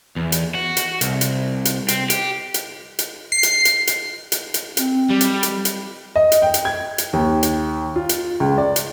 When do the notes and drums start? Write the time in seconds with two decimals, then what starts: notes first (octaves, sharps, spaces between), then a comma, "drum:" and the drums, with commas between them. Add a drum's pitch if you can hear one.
0.16 E2
0.32 drum: hi-hat
0.55 F#4
0.77 drum: hi-hat
1.01 C2, drum: hi-hat
1.21 drum: hi-hat
1.65 drum: hi-hat
1.88 C4, drum: hi-hat
2.10 G4, drum: hi-hat
2.54 drum: hi-hat
2.99 drum: hi-hat
3.32 C7
3.43 drum: hi-hat
3.65 drum: hi-hat
3.87 drum: hi-hat
4.32 drum: hi-hat
4.54 drum: hi-hat
4.77 C4, drum: hi-hat
5.10 G3
5.21 drum: hi-hat
5.43 drum: hi-hat
5.65 drum: hi-hat
6.16 D#5
6.32 drum: hi-hat
6.42 G5
6.54 drum: hi-hat
6.65 G#6
6.98 drum: hi-hat
7.13 D#2
7.43 drum: hi-hat
7.96 F4
8.09 drum: hi-hat
8.40 C#2
8.58 D5
8.76 drum: hi-hat